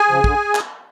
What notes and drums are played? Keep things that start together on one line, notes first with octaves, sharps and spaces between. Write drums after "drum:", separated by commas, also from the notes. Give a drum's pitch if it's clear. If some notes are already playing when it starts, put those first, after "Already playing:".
Already playing: G#4 G#5
C#3 F3
D3, drum: kick
drum: clap